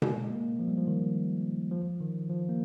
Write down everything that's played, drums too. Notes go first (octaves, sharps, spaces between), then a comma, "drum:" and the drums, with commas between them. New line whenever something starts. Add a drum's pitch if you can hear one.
G#3, drum: tom B2
G#3
A#3
F3
G3
F3
D#3
F3
D#3
F3
A#3